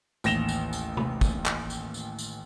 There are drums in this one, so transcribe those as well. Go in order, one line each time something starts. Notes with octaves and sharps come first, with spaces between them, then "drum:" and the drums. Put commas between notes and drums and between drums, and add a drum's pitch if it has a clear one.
A1 D#2 A#6 E7 F7 G7, drum: tambourine
drum: tambourine
drum: tambourine
drum: tom
drum: kick, tambourine
drum: clap
drum: tambourine
drum: tambourine
drum: tambourine